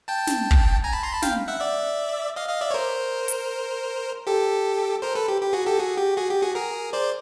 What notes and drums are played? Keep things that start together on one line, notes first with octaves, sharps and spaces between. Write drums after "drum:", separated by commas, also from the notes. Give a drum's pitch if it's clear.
G5 A5
drum: snare
drum: kick
G#5 A#5
A5 B5
A#5 C6
A5 B5
F5 G5, drum: snare
E5 F#5
D5 E5
D#5 F5
D#5 F5
D5 E5
C#5
A#4 C5
drum: hi-hat
G4 A4
A#4 C5
A4 B4
G4
G4
F#4 G#4
G4 A4
F#4 G#4
G4
F#4 G#4
G4
F#4 G#4
G#4 A#4
C5 D5